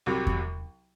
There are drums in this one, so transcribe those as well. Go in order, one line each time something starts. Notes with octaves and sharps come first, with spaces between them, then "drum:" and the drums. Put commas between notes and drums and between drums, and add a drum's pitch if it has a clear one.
C2 C3 F#3
drum: kick E2